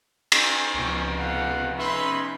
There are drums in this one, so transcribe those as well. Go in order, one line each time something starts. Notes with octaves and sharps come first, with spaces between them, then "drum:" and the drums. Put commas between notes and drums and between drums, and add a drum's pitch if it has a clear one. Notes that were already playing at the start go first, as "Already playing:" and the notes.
drum: cymbal
C#2 C3 F3 G#3 B3 C#4 C#6
F5 F#5
C#4 D#4 B4 E5 B5 C6